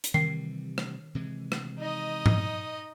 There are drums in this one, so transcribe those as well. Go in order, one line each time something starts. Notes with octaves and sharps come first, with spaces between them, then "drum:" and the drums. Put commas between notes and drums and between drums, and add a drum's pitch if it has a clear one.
drum: hi-hat
C3 D#3 E3 G3 C7
drum: rim click
C3 E3 G#3
drum: rim click
D#4 D#5
drum: tom G#2